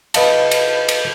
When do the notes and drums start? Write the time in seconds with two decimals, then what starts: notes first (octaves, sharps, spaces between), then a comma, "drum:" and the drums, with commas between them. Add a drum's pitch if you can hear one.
0.14 B4 D#5 F5 A5, drum: cymbal
0.51 drum: cymbal
0.89 drum: cymbal